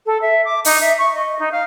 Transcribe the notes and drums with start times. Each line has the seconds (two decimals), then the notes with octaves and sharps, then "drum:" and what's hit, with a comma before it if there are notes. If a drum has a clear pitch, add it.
0.06 A4
0.21 E5
0.45 D6
0.65 D#4, drum: open hi-hat
0.80 E5
0.98 C#6
1.14 D#5
1.39 D#4
1.51 F5